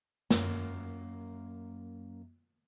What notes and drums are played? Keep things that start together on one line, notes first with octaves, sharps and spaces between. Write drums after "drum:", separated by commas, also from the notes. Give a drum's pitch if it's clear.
F#2 A#3, drum: snare